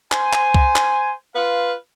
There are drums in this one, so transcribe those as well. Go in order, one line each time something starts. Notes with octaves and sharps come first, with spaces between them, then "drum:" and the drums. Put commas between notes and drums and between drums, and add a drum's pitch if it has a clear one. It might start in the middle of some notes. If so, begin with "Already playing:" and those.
C5 G#5, drum: clap
drum: clap
drum: kick C2
drum: clap
F4 B4 F5